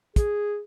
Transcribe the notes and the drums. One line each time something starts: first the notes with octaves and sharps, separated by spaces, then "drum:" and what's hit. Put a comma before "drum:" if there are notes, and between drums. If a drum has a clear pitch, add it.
G#4, drum: kick, hi-hat